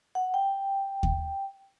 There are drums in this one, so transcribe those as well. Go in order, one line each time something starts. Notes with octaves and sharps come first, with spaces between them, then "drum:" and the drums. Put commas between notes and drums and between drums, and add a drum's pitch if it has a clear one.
F#5
G5
drum: kick D#2